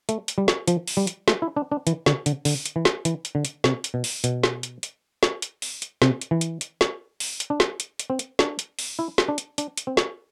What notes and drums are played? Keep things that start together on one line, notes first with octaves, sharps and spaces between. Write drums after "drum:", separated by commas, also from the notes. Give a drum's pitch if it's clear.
A3, drum: hi-hat
drum: hi-hat
G3
drum: snare
F3, drum: hi-hat
drum: open hi-hat
G3
drum: hi-hat
A3, drum: snare
E4
D4
D4
E3, drum: hi-hat
D3, drum: snare
D3, drum: hi-hat
D3, drum: open hi-hat
drum: hi-hat
E3
drum: snare
E3, drum: hi-hat
drum: hi-hat
D3
drum: hi-hat
C3, drum: snare
drum: hi-hat
B2
drum: open hi-hat
B2, drum: hi-hat
drum: snare
drum: hi-hat
drum: hi-hat
drum: snare
drum: hi-hat
drum: open hi-hat
drum: hi-hat
C3, drum: snare
drum: hi-hat
E3
drum: hi-hat
drum: hi-hat
drum: snare
drum: open hi-hat
drum: hi-hat
D4
drum: snare
drum: hi-hat
drum: hi-hat
C4
drum: hi-hat
D4, drum: snare
drum: hi-hat
drum: open hi-hat
E4
drum: snare
D4
drum: hi-hat
D4, drum: hi-hat
drum: hi-hat
C4
drum: snare